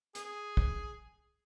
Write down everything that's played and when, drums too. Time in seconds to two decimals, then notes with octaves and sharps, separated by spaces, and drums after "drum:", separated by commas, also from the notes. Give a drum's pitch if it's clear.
0.15 G#4, drum: hi-hat
0.57 drum: kick